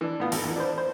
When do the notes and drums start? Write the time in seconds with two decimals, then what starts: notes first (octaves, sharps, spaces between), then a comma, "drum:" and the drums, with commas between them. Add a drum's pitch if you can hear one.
0.01 E3 D4
0.20 A2 B3 F4
0.32 G#1 A4, drum: open hi-hat
0.44 E2 A#2 E3
0.56 D4 B4 C5
0.78 C5